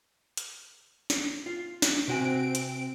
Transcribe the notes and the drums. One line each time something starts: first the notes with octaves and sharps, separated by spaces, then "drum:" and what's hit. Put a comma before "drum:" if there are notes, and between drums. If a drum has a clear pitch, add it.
drum: hi-hat
drum: snare
F4
drum: snare
C3 C4 F#4 G#5 D7
drum: hi-hat